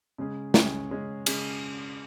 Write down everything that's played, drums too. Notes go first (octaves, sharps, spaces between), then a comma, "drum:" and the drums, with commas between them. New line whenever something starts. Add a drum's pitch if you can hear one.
C#3 G#3 C#4 G#4
C#3 G#3 C#4 G#4, drum: snare
C#3 G#3 C#4 G#4
C#3 G#3 C#4 G#4, drum: cymbal